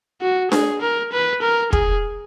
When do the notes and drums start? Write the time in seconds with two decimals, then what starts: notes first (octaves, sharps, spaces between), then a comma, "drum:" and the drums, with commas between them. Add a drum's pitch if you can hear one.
0.21 F#4
0.52 G#4, drum: snare D4
0.82 A#4
1.13 B4
1.42 A#4
1.73 G#4, drum: kick